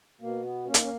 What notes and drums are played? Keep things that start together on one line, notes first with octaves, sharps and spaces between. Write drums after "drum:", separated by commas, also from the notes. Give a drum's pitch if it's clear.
B2 A#3
B3
A#3 C#4
D#4, drum: hi-hat
C#4